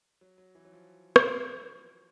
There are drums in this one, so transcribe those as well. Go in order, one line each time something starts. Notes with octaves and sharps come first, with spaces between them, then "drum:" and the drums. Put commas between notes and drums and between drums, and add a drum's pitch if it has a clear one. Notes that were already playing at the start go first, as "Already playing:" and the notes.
F#3
F#3
E3
F#3
F3
drum: rim click